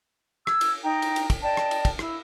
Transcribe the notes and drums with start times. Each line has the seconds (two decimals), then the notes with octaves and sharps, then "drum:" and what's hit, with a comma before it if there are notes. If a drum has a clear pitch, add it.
0.47 E6 G#6, drum: rim click
0.61 drum: cymbal
0.83 D#4 G5 A#5
1.02 drum: cymbal
1.16 drum: cymbal
1.30 drum: kick, cymbal
1.43 D5 D#5 G5 A5
1.57 drum: rim click
1.71 drum: cymbal
1.85 drum: kick, cymbal
1.99 E4, drum: rim click